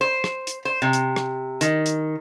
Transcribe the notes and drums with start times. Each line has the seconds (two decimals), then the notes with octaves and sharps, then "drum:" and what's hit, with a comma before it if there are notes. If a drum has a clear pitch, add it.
0.01 C5
0.24 drum: rim click
0.47 drum: hi-hat
0.65 C5
0.82 C3
0.93 drum: hi-hat
1.16 drum: rim click
1.61 D#3, drum: hi-hat
1.86 drum: hi-hat